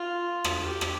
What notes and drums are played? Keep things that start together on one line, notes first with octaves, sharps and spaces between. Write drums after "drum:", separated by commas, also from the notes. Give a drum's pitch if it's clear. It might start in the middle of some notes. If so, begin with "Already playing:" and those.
Already playing: F4
drum: rim click
G4
drum: rim click